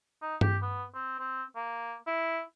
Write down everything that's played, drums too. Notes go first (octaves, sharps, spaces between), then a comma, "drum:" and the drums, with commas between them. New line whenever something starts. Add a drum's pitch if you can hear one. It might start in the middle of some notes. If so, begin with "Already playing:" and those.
D#4
G4, drum: tom G2
B3
C4
C4
A#3
E4